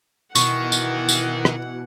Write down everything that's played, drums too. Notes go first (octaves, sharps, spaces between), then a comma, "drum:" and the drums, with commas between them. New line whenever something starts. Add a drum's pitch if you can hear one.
B2 D#3 E3 F#5 C#6, drum: tambourine
drum: tambourine
drum: tambourine
drum: rim click